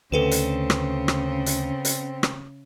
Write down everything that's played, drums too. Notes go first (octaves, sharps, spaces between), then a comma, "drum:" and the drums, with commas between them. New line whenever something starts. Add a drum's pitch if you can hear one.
D2 C#3 C4 A4 B4 E7
drum: hi-hat
drum: rim click
drum: rim click
drum: hi-hat
drum: hi-hat
drum: rim click